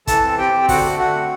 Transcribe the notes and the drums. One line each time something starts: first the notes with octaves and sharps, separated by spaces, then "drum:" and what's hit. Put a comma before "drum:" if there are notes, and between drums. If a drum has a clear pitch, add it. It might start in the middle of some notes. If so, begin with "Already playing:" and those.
E3 A4 A5, drum: kick, hi-hat
C4
C4 G4 G5
C4
D3 F#4 F#5, drum: kick, open hi-hat
A3
D3 F#4 F#5
C4